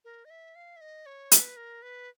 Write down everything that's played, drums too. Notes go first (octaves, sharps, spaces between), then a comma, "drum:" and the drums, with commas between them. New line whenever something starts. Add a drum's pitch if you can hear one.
A#4
D#5
E5
F5
E5
D#5
C#5
B4, drum: hi-hat
A#4
B4